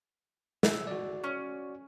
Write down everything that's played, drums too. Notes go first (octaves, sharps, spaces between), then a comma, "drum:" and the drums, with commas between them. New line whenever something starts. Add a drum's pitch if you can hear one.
E6, drum: snare
F#4 D5
C#4